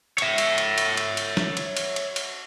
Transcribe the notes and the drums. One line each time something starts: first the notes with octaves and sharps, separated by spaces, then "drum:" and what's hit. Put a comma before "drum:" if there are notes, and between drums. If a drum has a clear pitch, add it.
C#5 E5, drum: cymbal
drum: cymbal
drum: cymbal
drum: cymbal
drum: cymbal
drum: cymbal
drum: snare
drum: cymbal
drum: cymbal
drum: cymbal
drum: cymbal